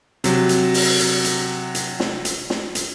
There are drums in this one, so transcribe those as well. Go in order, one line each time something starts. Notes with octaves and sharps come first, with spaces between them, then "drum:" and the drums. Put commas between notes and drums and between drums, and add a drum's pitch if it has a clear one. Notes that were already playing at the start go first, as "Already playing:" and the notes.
C3 F#3, drum: hi-hat
drum: hi-hat
drum: open hi-hat
drum: hi-hat
drum: hi-hat
drum: hi-hat
drum: snare
drum: hi-hat
drum: snare
drum: hi-hat